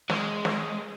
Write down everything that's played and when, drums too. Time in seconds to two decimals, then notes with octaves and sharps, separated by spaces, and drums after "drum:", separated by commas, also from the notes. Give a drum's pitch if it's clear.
0.10 G#3, drum: snare
0.45 drum: snare